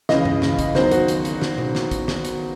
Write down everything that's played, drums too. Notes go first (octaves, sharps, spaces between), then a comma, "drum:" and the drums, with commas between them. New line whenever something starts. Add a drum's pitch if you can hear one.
C#2 C#3 E3 D#5, drum: snare
drum: tom G2
drum: snare
drum: kick, hi-hat
E2 D#3 F#3 C5, drum: snare
F#4, drum: hi-hat
drum: hi-hat
drum: hi-hat
drum: snare
drum: tom B2
drum: snare
drum: kick, hi-hat
drum: snare
drum: hi-hat